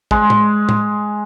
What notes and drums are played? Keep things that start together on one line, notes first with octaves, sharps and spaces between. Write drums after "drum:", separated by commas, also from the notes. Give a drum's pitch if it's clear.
G#3, drum: kick
drum: tom
drum: tom